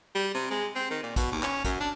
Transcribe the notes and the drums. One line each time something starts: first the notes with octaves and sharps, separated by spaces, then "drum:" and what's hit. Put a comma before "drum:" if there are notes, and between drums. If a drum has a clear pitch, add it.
G3
C3
G#3
C4
D#3
A#2
B2, drum: kick, hi-hat
D#2
C#4, drum: clap
F#2, drum: kick, hi-hat
D4